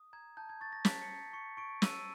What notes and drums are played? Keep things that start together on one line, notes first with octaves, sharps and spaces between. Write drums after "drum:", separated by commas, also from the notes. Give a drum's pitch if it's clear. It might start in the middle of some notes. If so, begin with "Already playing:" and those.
Already playing: D#6
A#5 G#6
A5 G6
G#6
C#6 A6
A#6
A5 B6, drum: snare
C#7
A5
C#6 C#7
C#6 D7
E6 D#7, drum: snare